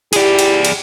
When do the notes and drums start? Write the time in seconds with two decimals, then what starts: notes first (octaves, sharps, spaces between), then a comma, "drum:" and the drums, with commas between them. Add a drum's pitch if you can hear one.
0.13 E4 G4 G#4 D5, drum: cymbal
0.39 drum: cymbal
0.65 drum: cymbal